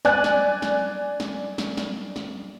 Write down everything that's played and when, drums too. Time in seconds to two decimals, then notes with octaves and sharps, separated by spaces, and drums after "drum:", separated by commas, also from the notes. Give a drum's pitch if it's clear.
0.05 D5 G#5 F#6, drum: snare
0.24 drum: snare
0.62 drum: snare
1.20 drum: snare
1.58 drum: snare
1.77 drum: snare
2.16 drum: snare